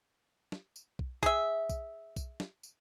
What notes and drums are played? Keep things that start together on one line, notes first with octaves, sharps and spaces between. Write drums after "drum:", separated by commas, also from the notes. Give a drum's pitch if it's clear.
drum: snare
drum: tambourine
drum: kick B1
G#4 E5, drum: kick B1, tambourine
drum: kick B1, tambourine
drum: kick B1, tambourine
drum: snare
drum: tambourine